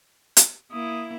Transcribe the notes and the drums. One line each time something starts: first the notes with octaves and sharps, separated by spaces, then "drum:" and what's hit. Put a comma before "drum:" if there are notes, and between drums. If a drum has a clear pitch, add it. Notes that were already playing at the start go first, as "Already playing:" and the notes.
drum: hi-hat
A#3 E4 D#6